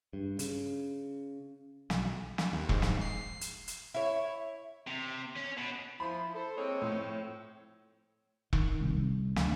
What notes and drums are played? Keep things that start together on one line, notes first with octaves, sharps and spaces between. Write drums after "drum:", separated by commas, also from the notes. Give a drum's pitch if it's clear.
G2
C#3, drum: hi-hat
B1, drum: snare
drum: snare
D#2
G#2, drum: kick E1
drum: snare
C7
drum: hi-hat
drum: hi-hat
E4 C#5
C3
C#4
B2
F3 E4 B5
A4 C5
G#3 A#3 C4 C#5
A2 F3 C4
D#3, drum: kick E1
C2
C2
D2, drum: snare